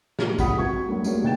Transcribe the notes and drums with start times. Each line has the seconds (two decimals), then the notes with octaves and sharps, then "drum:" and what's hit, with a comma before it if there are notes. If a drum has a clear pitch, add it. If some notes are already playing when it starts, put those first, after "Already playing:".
0.19 A#2 G3 G#3, drum: snare
0.39 C2 F4 F#5 B5 D#6 B6, drum: kick, tambourine
0.56 F2 F#4 C#6 G#6
0.87 F#3 G3 A3 A#3 D4
1.04 G3 G#3 A#3 C#4 D4 F#4, drum: tambourine
1.22 C#2 B2 D#4 G5 A6 E7